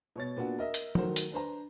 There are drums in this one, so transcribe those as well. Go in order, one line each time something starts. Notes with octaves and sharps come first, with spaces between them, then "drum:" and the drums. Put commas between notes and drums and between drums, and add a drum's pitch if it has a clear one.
B2 C#5 A6
A#2 B3 D4 F#4
A#4 D#5 E5
drum: hi-hat
D#3 F#3 A3 F#4 A#4 C5, drum: tom
drum: hi-hat
D4 B4 C5 A#5